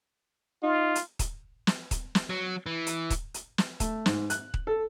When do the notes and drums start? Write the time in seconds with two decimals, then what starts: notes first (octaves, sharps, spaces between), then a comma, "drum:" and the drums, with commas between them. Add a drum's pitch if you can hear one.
0.63 D#4 F4
0.95 drum: hi-hat
1.19 drum: kick D#1, hi-hat
1.67 drum: snare
1.91 drum: kick D#1, hi-hat
2.15 drum: snare
2.30 F#3
2.66 E3
2.87 drum: hi-hat
3.10 drum: kick D#1, hi-hat
3.34 drum: hi-hat
3.58 drum: snare
3.80 A3, drum: kick D#1, hi-hat
4.06 G#2, drum: snare
4.30 F#6, drum: hi-hat
4.54 drum: kick D#1
4.67 A4